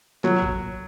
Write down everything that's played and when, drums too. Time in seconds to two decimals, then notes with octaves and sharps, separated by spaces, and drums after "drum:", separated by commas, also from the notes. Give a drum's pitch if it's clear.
0.24 F#3, drum: clap
0.42 drum: kick A1